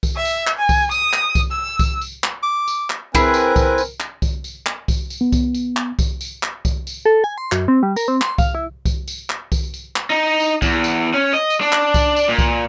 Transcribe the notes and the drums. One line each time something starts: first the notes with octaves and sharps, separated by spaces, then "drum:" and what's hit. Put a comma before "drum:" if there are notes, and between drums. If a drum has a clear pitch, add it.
drum: kick C2, tambourine
E5
drum: tambourine
drum: clap
G#5
drum: kick C2, tambourine
D#6, drum: tambourine
drum: clap
drum: kick C2, tambourine
E6
drum: kick C2, tambourine
drum: tambourine
drum: clap
D6
drum: tambourine
drum: clap
C4 E4 G#4 A#4 B4 G#5, drum: kick C2, tambourine
drum: tambourine
drum: kick C2, tambourine
drum: tambourine
drum: clap
drum: kick C2, tambourine
drum: tambourine
drum: clap
drum: kick C2, tambourine
drum: tambourine
B3
drum: kick C2, tambourine
drum: tambourine
drum: clap
drum: kick C2, tambourine
drum: tambourine
drum: clap
drum: kick C2, tambourine
drum: tambourine
A4
G#5
C6
F#2, drum: clap
C4
G3
A#4, drum: tambourine
C4
C6, drum: clap
F5, drum: kick C2, tambourine
E4
drum: kick C2, tambourine
drum: tambourine
drum: clap
drum: kick C2, tambourine
drum: tambourine
drum: clap
D#4
drum: tambourine
E2, drum: kick C2, tambourine
drum: tambourine
C#4
D#5
drum: tambourine
D4
drum: clap
drum: kick C2, tambourine
drum: tambourine
A#2
drum: kick C2, tambourine